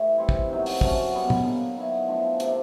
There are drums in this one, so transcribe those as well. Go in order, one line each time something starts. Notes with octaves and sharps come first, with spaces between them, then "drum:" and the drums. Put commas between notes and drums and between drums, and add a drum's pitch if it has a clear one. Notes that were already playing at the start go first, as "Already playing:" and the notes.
Already playing: A2 E3 A3 G4
G3 C4 E4
drum: kick
C3 D#3 F#3
drum: open hi-hat
F#3 A3 C#4 F#4, drum: kick
B2 G3 B3
drum: tom
D3 F#3 A#3
D#3 F#3 B3 E4
D3 F3 A3 D4
C3 F3 A#3 D4, drum: hi-hat